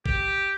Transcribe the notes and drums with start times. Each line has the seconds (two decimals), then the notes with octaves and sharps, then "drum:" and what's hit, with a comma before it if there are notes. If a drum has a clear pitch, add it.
0.06 G4, drum: kick A1